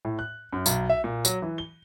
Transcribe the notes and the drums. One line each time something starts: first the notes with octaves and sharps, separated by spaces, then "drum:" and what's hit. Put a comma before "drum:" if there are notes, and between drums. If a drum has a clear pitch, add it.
A2
F#6
F#2
B1, drum: tambourine
E5
A#2
F#3, drum: tambourine
E3
G7